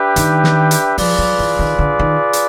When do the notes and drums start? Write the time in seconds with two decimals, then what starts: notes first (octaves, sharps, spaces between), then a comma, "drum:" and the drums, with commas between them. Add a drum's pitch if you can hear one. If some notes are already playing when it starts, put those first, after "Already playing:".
Already playing: D4 G4 B4 E5 G5
0.16 D#3, drum: hi-hat
0.44 drum: snare
0.71 drum: hi-hat
0.98 F3 F4 G#4 B4 D5, drum: open hi-hat
1.19 F#3
1.39 E3
1.59 D#3
1.79 D3
1.99 D#3
2.33 drum: hi-hat